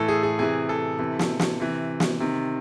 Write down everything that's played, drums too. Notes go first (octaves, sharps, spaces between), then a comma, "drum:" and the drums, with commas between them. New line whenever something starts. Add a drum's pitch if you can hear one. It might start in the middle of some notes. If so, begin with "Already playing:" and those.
Already playing: A2 E3 A4
G#4
G#4
C3 E3 G#4
A4
C3 E3
drum: snare
drum: snare
C3 E3
drum: snare
C3 D#3